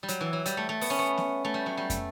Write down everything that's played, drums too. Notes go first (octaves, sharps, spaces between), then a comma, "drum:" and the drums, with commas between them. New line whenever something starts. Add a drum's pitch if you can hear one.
G3
F#3, drum: hi-hat
E3
F#3
G3, drum: hi-hat
A3
A3
B3, drum: open hi-hat
C#4
B3
drum: snare B3
A3
G3
F#3
G3
A3, drum: kick, hi-hat